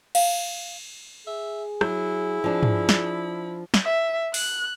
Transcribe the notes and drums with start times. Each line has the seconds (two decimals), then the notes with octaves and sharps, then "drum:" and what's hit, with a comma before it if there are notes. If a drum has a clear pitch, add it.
0.15 F5, drum: cymbal
1.27 G#4 E5
1.81 F#3 E4, drum: rim click
2.44 F3 D4
2.63 drum: tom
2.89 drum: snare
3.74 drum: snare
3.84 E5
4.34 F#6, drum: open hi-hat